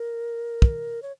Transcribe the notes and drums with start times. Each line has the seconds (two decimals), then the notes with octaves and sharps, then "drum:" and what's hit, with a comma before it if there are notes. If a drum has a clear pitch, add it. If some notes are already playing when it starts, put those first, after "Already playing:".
Already playing: A#4
0.62 drum: kick
1.02 C#5